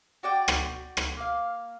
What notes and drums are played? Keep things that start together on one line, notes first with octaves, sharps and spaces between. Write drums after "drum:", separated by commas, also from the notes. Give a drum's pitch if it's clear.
F#4 D5 G5
drum: rim click
drum: rim click
A#3 F5